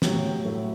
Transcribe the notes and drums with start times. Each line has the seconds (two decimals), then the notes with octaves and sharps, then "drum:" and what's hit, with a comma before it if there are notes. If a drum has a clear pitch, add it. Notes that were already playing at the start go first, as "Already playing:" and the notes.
0.02 A2 F#3 G4, drum: snare
0.17 G4
0.45 A2 F#3 A3